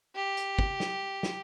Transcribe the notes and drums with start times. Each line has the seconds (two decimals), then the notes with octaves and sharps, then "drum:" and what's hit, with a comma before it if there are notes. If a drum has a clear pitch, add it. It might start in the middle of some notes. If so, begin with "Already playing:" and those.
0.15 G4
0.37 drum: hi-hat
0.59 drum: kick
0.80 drum: snare
1.23 drum: snare